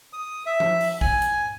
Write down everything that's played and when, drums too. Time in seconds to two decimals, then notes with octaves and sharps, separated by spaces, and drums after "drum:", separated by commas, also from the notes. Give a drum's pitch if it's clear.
0.13 D#6
0.46 E5
0.60 drum: tom F3
0.81 drum: open hi-hat
1.01 G#5, drum: kick
1.22 drum: hi-hat